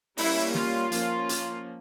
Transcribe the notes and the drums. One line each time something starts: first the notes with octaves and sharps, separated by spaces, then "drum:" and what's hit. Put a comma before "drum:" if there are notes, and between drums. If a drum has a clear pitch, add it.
G3 A#3 C#4 E4, drum: open hi-hat
F4, drum: snare
F3 A#3 C#4, drum: hi-hat
drum: hi-hat